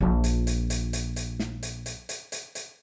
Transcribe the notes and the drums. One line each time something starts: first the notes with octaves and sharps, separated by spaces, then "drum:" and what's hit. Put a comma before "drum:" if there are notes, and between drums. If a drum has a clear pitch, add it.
A#1 F4
drum: hi-hat
drum: hi-hat
drum: hi-hat
drum: hi-hat
drum: hi-hat
drum: snare
drum: hi-hat
drum: hi-hat
drum: hi-hat
drum: hi-hat
drum: hi-hat